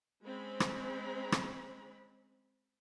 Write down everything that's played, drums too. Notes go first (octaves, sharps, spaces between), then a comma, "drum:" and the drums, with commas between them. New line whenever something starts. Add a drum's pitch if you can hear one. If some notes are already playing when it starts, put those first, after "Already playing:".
G#3 C4 C#4 B5
drum: rim click
drum: rim click